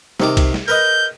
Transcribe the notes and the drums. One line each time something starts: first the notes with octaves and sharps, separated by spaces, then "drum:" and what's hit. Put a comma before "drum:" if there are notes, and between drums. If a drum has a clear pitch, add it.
C3 D#3 D6, drum: snare
drum: kick C2, cymbal
drum: snare
A#4 B4 D#5 G6